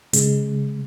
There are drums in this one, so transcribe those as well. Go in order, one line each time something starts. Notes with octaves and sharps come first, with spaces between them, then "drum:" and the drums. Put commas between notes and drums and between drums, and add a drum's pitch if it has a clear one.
C#3 G#3, drum: hi-hat